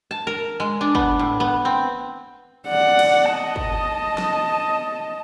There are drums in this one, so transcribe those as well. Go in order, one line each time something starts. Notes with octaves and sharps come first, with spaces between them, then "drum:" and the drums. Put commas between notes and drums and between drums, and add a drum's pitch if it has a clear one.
A5
A#4
G#3
D4
B3, drum: kick
A2
B3
C4
D5 F#5
drum: cymbal
D#5 A5
drum: kick
drum: snare